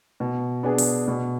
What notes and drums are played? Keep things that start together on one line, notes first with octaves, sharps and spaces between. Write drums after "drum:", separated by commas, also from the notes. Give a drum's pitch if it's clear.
B2
B3 D4 G#4
drum: open hi-hat
B2